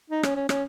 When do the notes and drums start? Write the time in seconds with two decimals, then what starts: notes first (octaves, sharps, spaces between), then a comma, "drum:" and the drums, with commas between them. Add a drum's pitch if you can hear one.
0.10 D#4
0.23 C#4, drum: rim click
0.36 C#4
0.49 C#4, drum: rim click